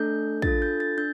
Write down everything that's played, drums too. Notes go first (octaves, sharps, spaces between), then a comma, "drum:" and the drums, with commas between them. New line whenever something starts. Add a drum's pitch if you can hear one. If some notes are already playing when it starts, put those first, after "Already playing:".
Already playing: A3 D4 A4 G6
D4 F4 A4 A6, drum: kick
G6
A6
D4 G6